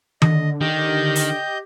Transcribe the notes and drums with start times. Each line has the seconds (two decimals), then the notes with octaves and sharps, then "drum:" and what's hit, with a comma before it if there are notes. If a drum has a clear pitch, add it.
0.22 D3 D#5, drum: tom D#3
0.61 D#3 G4 D#5 G6
1.16 drum: open hi-hat